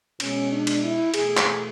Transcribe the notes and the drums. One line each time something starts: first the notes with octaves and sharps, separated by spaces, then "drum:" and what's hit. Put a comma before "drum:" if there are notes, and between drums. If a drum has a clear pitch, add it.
B2 G#3 C#4, drum: cymbal
D4
drum: cymbal
E4
E2 B2 A3 G#4, drum: cymbal
drum: clap